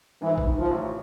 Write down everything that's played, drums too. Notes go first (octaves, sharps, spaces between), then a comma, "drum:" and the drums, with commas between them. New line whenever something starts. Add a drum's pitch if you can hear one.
G#2 E3
drum: kick
D#3
F3
A1